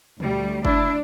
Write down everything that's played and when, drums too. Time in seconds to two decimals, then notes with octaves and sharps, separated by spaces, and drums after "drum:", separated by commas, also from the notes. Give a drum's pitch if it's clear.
0.20 D2 G3, drum: tom
0.65 D4 E4, drum: kick F#1